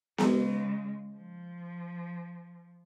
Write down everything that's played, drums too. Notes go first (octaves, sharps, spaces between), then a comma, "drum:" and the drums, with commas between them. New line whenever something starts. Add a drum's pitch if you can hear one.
C#3 G#3, drum: snare B3
F3